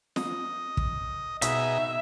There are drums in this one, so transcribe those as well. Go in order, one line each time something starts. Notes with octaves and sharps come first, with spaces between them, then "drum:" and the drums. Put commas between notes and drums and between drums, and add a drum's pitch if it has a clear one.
D#5, drum: snare
drum: kick
B2 D#4 G#4 E5, drum: hi-hat